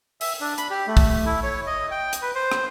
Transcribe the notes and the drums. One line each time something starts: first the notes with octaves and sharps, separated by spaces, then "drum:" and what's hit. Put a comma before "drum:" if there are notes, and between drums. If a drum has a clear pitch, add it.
E5, drum: open hi-hat
D4
B5, drum: hi-hat
G4
A3
drum: kick, open hi-hat
E4
C#5
D#5
G5
drum: hi-hat
B4
C5
drum: rim click